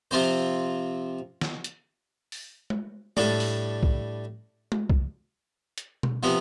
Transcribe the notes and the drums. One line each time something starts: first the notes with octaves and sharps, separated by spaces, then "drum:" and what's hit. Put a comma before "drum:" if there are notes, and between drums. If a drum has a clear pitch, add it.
C3 F3 C4 F4 C5
drum: snare
drum: hi-hat
drum: open hi-hat
drum: tom G#3
A2 G3 D4 A4, drum: tom G#3
drum: open hi-hat
drum: kick
drum: tom G#3
drum: kick
drum: hi-hat
drum: tom B2
C3 F3 B3